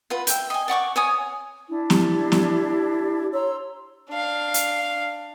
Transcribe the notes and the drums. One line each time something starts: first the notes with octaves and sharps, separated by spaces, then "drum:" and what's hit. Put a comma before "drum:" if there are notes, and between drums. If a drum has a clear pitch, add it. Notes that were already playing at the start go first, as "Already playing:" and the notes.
F4 B4 F#5
E5 G5, drum: hi-hat
D#5 G#5
D5 F#5 C#6 D6
C#5 G#5 D#6
D4 E4
G4, drum: snare
drum: snare
C#5 A#5 C6 E6
D4 F5
drum: hi-hat